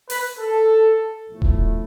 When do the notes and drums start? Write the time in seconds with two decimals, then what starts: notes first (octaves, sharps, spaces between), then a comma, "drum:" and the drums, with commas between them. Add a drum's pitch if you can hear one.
0.10 B4, drum: open hi-hat
0.39 A4
1.28 B1 A2 F3 A3 E4
1.42 drum: kick D#1